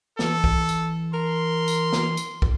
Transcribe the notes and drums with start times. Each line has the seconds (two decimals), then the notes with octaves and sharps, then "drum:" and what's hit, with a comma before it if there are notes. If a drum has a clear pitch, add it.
0.19 E3 A4, drum: snare
0.44 drum: kick
0.69 drum: tambourine
1.14 A#4 C6
1.68 drum: tambourine
1.93 drum: snare
2.17 drum: tambourine
2.42 drum: kick